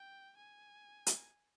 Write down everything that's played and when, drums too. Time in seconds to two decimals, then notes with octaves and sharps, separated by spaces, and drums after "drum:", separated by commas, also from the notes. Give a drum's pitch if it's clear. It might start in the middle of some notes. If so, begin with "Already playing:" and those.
Already playing: G5
0.37 G#5
1.06 drum: hi-hat